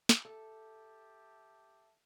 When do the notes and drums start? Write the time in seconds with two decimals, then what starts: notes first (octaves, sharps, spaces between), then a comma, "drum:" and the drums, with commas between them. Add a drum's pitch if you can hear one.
0.09 drum: snare
0.25 G4 A4 E5 A5